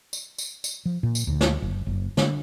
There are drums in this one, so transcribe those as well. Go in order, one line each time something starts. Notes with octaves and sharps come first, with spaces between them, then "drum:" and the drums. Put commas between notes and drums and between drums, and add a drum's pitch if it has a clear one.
drum: tambourine
drum: tambourine
drum: tambourine
F3
A#2
drum: tambourine
D2
drum: snare
F#1
F#1
D3, drum: snare